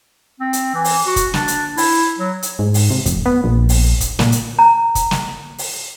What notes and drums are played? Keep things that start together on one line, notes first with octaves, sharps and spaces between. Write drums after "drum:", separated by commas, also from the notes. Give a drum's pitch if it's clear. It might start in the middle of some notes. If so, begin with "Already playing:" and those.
C4
drum: hi-hat
E3
drum: open hi-hat
F#4
drum: kick, hi-hat
D4, drum: snare
drum: hi-hat
E4, drum: open hi-hat
F#3
drum: hi-hat
G#2
drum: open hi-hat
C3
F1, drum: kick, hi-hat
B3
A#1
drum: open hi-hat
drum: kick, hi-hat
A#2, drum: snare
drum: hi-hat
A#5
drum: kick, hi-hat
drum: snare
drum: open hi-hat